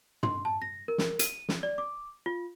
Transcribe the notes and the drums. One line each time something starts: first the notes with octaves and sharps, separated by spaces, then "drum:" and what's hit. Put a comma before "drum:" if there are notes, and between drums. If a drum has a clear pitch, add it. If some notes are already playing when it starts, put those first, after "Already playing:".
C6, drum: tom
A5
A#6
A#4
drum: snare
D#7, drum: hi-hat
drum: snare
D5
D6
F4